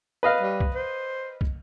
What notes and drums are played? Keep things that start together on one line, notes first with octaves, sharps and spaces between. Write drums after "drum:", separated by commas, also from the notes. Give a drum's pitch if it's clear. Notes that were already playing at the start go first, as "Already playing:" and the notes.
B4 D#5 F5
G3
drum: kick
C5
drum: kick